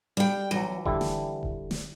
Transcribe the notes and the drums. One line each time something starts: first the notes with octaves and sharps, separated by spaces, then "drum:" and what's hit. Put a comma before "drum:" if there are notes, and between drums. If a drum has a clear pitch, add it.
G3 G5
B1 E3 F#3
D3 G3 E4, drum: kick F1
drum: snare
drum: kick F1
drum: snare